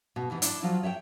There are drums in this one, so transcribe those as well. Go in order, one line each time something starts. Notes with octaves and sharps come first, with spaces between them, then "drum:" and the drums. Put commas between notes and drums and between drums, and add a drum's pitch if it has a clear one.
B2
G#2 C3 E3 B3
D4 E4 A5, drum: hi-hat
F3 F#3 F4
C#5 E5 F#5 G5